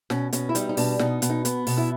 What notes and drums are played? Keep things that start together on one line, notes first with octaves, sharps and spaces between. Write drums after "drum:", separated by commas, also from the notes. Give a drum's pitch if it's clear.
B2 C#4, drum: snare
B2 C#4, drum: hi-hat
E4
G3 D#4, drum: hi-hat
D#4
B2 D4, drum: open hi-hat
B2 D#4, drum: snare
B2, drum: hi-hat
D#4
B3, drum: hi-hat
B2, drum: open hi-hat
E4